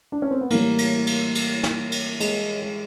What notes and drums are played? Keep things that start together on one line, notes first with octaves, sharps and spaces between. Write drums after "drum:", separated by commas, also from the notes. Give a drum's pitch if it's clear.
D4
C#4
C4
B3
A2 E3 G3 A#3, drum: cymbal
drum: cymbal
drum: cymbal
drum: cymbal
drum: snare
drum: cymbal
G#3, drum: cymbal
G#3